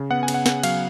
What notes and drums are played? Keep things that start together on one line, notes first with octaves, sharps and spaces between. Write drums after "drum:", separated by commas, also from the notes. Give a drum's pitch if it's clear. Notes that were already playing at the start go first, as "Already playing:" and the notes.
Already playing: C#3
B3 F#5
G#5
C#3, drum: cymbal
F#5
C#3 F#5, drum: snare
F#3 F5, drum: cymbal